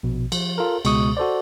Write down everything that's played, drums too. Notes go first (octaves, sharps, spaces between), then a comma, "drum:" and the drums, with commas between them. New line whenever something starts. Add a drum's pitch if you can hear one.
A#1 B2
F3, drum: cymbal
F4 A4 A#4
C#2 B2 G#3 C#6 D#6, drum: cymbal
F#4 A4 C5 D5